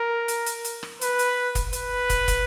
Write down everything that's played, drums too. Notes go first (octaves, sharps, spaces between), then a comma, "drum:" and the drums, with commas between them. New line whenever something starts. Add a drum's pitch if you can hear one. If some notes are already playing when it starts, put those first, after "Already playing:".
Already playing: A#4
drum: hi-hat
drum: hi-hat
drum: hi-hat
drum: rim click
B4, drum: hi-hat
drum: hi-hat
drum: kick, hi-hat
B4, drum: hi-hat
drum: kick, hi-hat
drum: kick, hi-hat